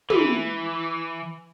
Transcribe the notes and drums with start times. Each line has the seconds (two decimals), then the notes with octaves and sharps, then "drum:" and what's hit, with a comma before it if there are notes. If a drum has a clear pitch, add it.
0.10 E3, drum: tom